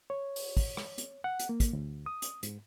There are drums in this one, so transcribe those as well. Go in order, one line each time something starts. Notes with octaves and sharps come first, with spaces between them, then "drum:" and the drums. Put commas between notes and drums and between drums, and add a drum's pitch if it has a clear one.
C#5
drum: open hi-hat
drum: kick, open hi-hat
drum: rim click
drum: hi-hat
F#5
drum: hi-hat
A#3
drum: kick, hi-hat
D2
D#6
drum: hi-hat
G#2, drum: hi-hat